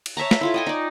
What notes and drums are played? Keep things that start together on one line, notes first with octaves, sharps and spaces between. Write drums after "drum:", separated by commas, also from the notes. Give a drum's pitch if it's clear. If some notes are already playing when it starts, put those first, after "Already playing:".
drum: cymbal
C#5 E5 A5 A#5
drum: snare
E4 F4 A4
D#5 G5 G#5
D#4 D5